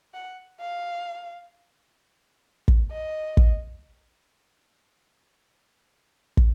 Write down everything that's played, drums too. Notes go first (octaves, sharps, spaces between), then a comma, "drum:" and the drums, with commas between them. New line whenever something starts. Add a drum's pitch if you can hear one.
F#5
F5
drum: kick
D#5
drum: kick
drum: kick